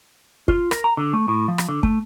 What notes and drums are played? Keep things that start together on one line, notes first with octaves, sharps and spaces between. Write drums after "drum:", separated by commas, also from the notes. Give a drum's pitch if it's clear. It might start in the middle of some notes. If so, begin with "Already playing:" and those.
F4, drum: kick
A#4, drum: rim click
A#5
D3
A3
A2
F3
drum: rim click
D3
A3, drum: kick